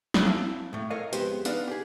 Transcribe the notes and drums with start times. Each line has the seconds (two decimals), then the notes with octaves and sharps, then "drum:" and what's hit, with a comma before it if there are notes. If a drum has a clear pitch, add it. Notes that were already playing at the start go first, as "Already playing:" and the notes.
0.14 drum: snare
0.25 C4 E4 F5 A5
0.73 A2 A3
0.90 A4 A#4 C#5 D#5 F5
1.13 F2 G#3 B3 G4 C5, drum: hi-hat
1.45 B3 D4 D#4 B4 D5 F5, drum: hi-hat
1.67 G4 G#4